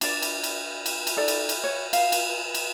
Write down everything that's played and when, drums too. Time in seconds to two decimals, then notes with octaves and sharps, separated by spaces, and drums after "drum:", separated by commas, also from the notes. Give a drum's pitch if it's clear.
0.01 D4 D5, drum: cymbal
0.22 drum: cymbal
0.44 drum: cymbal
0.86 drum: cymbal
1.07 drum: cymbal
1.17 D#4 A4 D5
1.28 drum: cymbal
1.49 drum: cymbal
1.64 C#5
1.93 F5, drum: cymbal
2.12 drum: cymbal
2.54 drum: cymbal